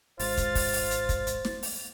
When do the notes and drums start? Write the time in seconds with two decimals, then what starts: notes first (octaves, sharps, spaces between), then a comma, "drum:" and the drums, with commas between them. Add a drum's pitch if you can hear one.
0.20 G#1 G#3 F4 C5 A6, drum: open hi-hat
0.37 drum: kick, hi-hat
0.55 drum: kick, open hi-hat
0.73 drum: open hi-hat
0.91 drum: hi-hat
1.09 drum: kick, hi-hat
1.27 drum: hi-hat
1.45 drum: snare
1.63 drum: open hi-hat